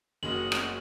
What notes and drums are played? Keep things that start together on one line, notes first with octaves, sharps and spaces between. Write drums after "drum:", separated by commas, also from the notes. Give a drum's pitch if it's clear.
F#1 C#4 F#4 D#5 F#7
drum: rim click